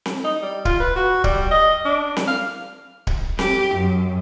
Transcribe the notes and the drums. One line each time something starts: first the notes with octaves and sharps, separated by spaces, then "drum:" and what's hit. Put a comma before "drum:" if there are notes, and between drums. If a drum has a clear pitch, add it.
drum: snare C4
D#4
G3
F4, drum: kick D1
B4
F#4
G3, drum: kick D1
D#5
D4
drum: snare C4
F5
drum: kick D1
G4, drum: snare C4
F#2